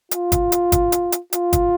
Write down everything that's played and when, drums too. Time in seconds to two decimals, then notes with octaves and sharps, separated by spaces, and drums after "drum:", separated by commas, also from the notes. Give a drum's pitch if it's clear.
0.11 F4, drum: hi-hat
0.32 drum: kick G1, hi-hat
0.52 drum: hi-hat
0.72 drum: kick G1, hi-hat
0.92 drum: hi-hat
1.12 drum: hi-hat
1.33 F4, drum: hi-hat
1.53 drum: kick G1, hi-hat